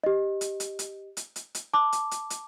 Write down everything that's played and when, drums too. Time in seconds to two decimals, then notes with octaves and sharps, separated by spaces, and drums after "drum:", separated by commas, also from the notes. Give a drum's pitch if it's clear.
0.04 G4 D#5
0.41 drum: hi-hat
0.60 drum: hi-hat
0.79 drum: hi-hat
1.17 drum: hi-hat
1.36 drum: hi-hat
1.55 drum: hi-hat
1.74 A5 D6
1.92 drum: hi-hat
2.11 drum: hi-hat
2.30 drum: hi-hat